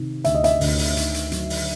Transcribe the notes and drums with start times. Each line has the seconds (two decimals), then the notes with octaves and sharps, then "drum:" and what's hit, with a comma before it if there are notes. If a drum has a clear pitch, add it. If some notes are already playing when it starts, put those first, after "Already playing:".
Already playing: C3 D#3
0.24 D2 E5, drum: hi-hat
0.34 D#5
0.44 E5, drum: hi-hat
0.61 D2, drum: open hi-hat
0.79 drum: open hi-hat
0.97 D#3, drum: hi-hat
1.14 drum: hi-hat
1.32 F#3, drum: hi-hat
1.50 drum: open hi-hat